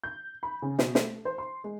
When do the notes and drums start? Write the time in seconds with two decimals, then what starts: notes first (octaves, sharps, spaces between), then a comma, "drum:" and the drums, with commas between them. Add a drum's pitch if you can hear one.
0.03 G6
0.43 B5
0.62 C#3
0.79 B2, drum: snare
0.95 A3, drum: snare
1.25 C5
1.38 C6
1.64 G#3